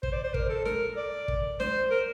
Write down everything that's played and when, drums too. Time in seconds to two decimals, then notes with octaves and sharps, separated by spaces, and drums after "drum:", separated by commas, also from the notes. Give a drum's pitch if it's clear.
0.03 C5, drum: kick
0.13 D5
0.24 C5
0.34 A#4, drum: kick
0.50 A4
0.65 A#4, drum: snare
0.97 D5
1.28 drum: kick
1.60 C5, drum: snare
1.91 A#4